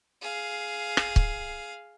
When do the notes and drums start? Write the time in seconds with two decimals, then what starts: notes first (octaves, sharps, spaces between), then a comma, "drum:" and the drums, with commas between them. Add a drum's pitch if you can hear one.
0.22 G#4 F5
0.97 drum: rim click
1.16 drum: kick